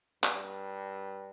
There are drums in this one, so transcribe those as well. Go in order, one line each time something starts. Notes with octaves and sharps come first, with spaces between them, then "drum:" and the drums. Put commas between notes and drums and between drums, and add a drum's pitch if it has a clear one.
G2, drum: clap